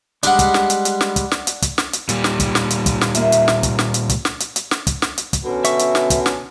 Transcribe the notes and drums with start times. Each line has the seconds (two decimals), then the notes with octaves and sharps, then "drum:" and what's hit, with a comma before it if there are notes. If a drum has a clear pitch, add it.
0.23 G3 G#3 D4 F#5, drum: hi-hat
0.39 drum: kick, hi-hat
0.54 drum: snare
0.70 drum: hi-hat
0.85 drum: hi-hat
1.01 drum: snare
1.16 drum: kick, hi-hat
1.31 drum: snare
1.47 drum: hi-hat
1.62 drum: kick, hi-hat
1.78 drum: snare
1.93 drum: hi-hat
2.09 A#2 G3, drum: hi-hat
2.24 drum: snare
2.40 drum: kick, hi-hat
2.55 drum: snare
2.70 drum: hi-hat
2.86 drum: kick, hi-hat
3.01 drum: snare
3.15 A#3 F4 E5, drum: hi-hat
3.32 drum: hi-hat
3.48 drum: snare
3.63 drum: kick, hi-hat
3.79 drum: snare
3.94 drum: hi-hat
4.09 drum: kick, hi-hat
4.25 drum: snare
4.40 drum: hi-hat
4.56 drum: hi-hat
4.71 drum: snare
4.87 drum: kick, hi-hat
5.02 drum: snare
5.18 drum: hi-hat
5.33 drum: kick, hi-hat
5.45 B2 D3 C#4
5.64 E5 C#6, drum: hi-hat
5.79 drum: hi-hat
5.95 drum: snare
6.10 drum: kick, hi-hat
6.26 drum: snare